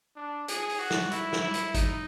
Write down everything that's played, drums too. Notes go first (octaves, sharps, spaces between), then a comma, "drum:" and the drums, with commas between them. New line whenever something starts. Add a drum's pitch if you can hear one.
D4
G#4, drum: hi-hat
drum: open hi-hat
F#4
drum: snare
E4, drum: hi-hat
drum: snare
E4
drum: hi-hat
D#4, drum: kick, hi-hat